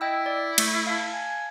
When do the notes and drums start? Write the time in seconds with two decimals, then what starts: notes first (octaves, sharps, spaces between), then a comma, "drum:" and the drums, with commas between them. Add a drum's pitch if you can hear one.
0.01 E4 D#5 G5 E6
0.26 D5
0.58 A3 C#6, drum: cymbal
0.87 F5 A5
1.13 G#5